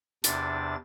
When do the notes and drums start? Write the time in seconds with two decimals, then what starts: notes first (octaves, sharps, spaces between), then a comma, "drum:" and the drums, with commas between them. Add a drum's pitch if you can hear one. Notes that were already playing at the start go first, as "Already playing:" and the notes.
0.24 E2 C3 D4 A6, drum: hi-hat